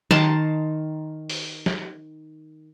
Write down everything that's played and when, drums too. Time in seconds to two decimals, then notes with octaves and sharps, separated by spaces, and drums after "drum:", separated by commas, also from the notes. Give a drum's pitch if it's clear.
0.11 D#3 A5 A#5 C6, drum: snare
1.30 drum: open hi-hat
1.66 drum: snare